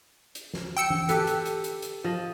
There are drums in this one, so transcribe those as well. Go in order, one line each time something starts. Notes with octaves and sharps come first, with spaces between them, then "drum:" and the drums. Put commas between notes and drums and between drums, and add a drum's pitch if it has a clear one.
drum: hi-hat
drum: snare
G5 E6 C#7
drum: tom E3
G4 A4 B4, drum: hi-hat
drum: hi-hat
drum: hi-hat
drum: hi-hat
drum: hi-hat
F3 D#5